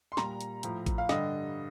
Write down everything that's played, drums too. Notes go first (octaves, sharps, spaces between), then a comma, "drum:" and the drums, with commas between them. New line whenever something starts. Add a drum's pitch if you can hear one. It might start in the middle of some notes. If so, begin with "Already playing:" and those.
C6
A#2 G3 A#5, drum: snare
drum: hi-hat
A2 F3, drum: hi-hat
drum: kick A1, hi-hat
F5
G2 D3 G3 D#5, drum: snare